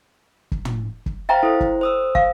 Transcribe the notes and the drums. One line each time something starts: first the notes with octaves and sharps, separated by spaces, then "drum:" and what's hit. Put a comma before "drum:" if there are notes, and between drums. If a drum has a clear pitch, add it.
drum: kick
drum: tom
drum: kick
C5 E5 F5 G5 A#5 A6
E4 A4 C5
drum: kick
C5 D#6 E6
F5, drum: kick